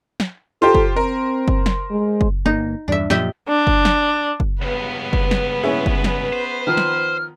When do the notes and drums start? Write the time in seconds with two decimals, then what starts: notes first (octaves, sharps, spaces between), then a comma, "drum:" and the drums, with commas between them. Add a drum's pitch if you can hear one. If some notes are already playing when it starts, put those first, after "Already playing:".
0.20 drum: snare
0.62 F4 G4 A4 C5 A#5
0.75 drum: kick F#1
0.96 C4 A#4
1.48 drum: kick F#1
1.66 drum: snare
1.91 G#3
2.21 drum: kick F#1
2.46 G1 A#3 D#4
2.88 E2 G2 D4 E5
3.10 F#2 A#2 F3 G4 D#5 E5, drum: snare
3.49 D4
3.67 drum: kick F#1
3.85 drum: snare
4.40 drum: kick F#1
4.62 C#2 G2 B3 B4
5.13 drum: kick F#1
5.31 drum: snare
5.63 C#4 E4 G#4
5.86 drum: kick F#1
6.04 drum: snare
6.33 C5
6.67 D#3 F3 F6
6.77 drum: snare